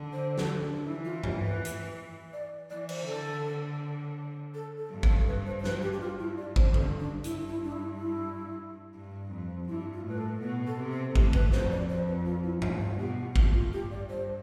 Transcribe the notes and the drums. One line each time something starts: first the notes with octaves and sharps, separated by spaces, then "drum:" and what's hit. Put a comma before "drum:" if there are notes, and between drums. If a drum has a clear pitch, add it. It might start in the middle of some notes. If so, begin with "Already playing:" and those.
Already playing: D3
C5
A4, drum: snare
D4
D4
E3 E4
F4
G4, drum: tom G2
B4
drum: hi-hat
D5
E3 D5
C5, drum: cymbal
D3 A4
A4
A4
G2
A4, drum: kick
B4
C5
C5
B4, drum: snare
G4
G4
G2 F4
E4
D5
C5, drum: kick
G2 A4, drum: tom D3
D4
G2
E4, drum: hi-hat
E4
D4
E4
E4
G2
F2
G2 E4
F4
A2 B4
A4
B2 B4
A4
C3
A4
A2 G4, drum: kick
B4, drum: kick
F2 C5, drum: snare
D5
F2 C5
B4
F4
E4
G2 F4, drum: tom G2
F4
B2 G4
F4
A2 F4, drum: kick
F4
G2 G4
D5
C5